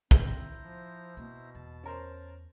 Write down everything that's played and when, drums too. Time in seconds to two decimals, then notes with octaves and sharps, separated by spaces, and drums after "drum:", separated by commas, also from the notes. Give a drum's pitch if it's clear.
0.11 C4 E4 C5 A#5, drum: kick
0.59 F3
1.17 B2 A#3 C4
1.55 E2 A5
1.83 C#4 A#4 C5